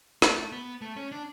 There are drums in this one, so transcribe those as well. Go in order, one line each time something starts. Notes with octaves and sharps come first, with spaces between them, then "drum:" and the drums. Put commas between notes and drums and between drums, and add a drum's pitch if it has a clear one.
A3, drum: rim click
B3
A3
C#4
D4